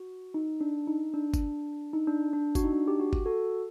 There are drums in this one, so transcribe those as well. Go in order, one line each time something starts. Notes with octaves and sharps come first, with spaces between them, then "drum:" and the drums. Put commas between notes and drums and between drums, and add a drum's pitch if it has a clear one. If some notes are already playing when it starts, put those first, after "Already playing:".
Already playing: F#4
D#4
D4
D#4
D4
drum: kick G1, tambourine
D#4
D4
D4
F#4, drum: kick G1, tambourine
D#4
D4
G4
F#4
drum: kick G1
F#4 A4